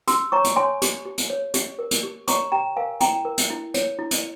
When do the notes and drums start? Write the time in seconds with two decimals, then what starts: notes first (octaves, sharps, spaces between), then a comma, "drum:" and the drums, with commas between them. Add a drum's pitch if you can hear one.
0.08 G4 C6 E6, drum: hi-hat
0.32 C#5 A#5 C#6
0.44 drum: hi-hat
0.56 C#5 G#5 C6
0.82 G4, drum: hi-hat
1.05 G4
1.18 drum: hi-hat
1.30 C#5
1.54 G4, drum: hi-hat
1.79 A#4
1.91 drum: hi-hat
2.03 G4
2.28 C#5 A#5 C#6, drum: hi-hat
2.52 G4 G5 A#5
2.77 A#4 F5 G#5
3.00 E4 G5 A#5, drum: hi-hat
3.25 A#4
3.38 drum: hi-hat
3.50 E4
3.74 C#5, drum: hi-hat
3.99 E4
4.11 drum: hi-hat